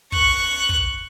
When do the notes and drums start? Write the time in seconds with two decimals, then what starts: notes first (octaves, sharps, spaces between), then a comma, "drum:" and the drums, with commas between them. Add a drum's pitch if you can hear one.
0.12 C#6 F#6, drum: kick
0.69 drum: kick